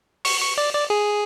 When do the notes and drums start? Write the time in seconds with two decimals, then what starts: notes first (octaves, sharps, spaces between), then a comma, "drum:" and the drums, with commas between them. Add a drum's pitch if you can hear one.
0.25 C#6, drum: open hi-hat
0.42 C#6
0.58 D5
0.73 D5
0.90 G#4